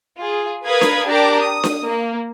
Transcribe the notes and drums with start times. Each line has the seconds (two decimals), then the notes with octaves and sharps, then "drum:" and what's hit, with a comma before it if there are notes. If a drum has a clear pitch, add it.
0.20 F4 G#4
0.67 A#4 B4 F5 B5 D#6 G#6
0.81 drum: snare D4
1.07 D4 G4 A#4 A#5 D6
1.40 D#6
1.64 drum: snare D4
1.88 A#3